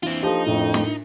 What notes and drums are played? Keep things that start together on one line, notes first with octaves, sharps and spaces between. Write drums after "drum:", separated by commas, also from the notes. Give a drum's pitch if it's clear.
E3 A#3 C4 D4 F4
F3 D#4 G4 A4
F2 A2 D4 F4 A#4
drum: snare